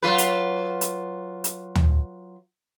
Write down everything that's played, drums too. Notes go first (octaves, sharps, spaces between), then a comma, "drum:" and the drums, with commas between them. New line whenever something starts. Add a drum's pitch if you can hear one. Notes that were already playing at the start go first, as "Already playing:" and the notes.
F#3 F4 B4
drum: hi-hat
drum: hi-hat
drum: hi-hat
drum: tom